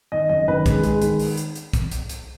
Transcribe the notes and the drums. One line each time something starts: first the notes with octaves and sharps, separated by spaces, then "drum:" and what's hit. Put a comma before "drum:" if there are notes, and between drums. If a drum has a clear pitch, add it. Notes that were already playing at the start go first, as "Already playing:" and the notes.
D#3 D#5
F#1 D#5
D#3 B4
G#3, drum: kick, hi-hat
G#3, drum: hi-hat
D#3, drum: hi-hat
drum: open hi-hat
drum: hi-hat
drum: hi-hat
drum: kick, hi-hat
drum: hi-hat
drum: hi-hat